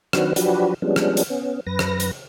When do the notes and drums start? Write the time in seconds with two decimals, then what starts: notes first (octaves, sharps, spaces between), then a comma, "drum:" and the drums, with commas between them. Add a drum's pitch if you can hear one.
0.13 D#3 F#3 C4 D4 F#4 B4, drum: rim click
0.36 F3 F#3 D4 F#4 G4 B4, drum: hi-hat
0.82 F3 G3 G#3 B3 C#4 D4
0.96 drum: rim click
1.17 drum: hi-hat
1.30 B3 C#4
1.67 F#2 B4 A#6
1.79 drum: rim click
2.00 drum: hi-hat